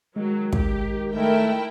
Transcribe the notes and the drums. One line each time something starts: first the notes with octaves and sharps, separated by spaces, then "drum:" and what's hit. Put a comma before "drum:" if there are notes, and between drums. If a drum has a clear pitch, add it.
D#3 F#3 G#3
G4, drum: kick
D#3 A3 E4 A#4 G5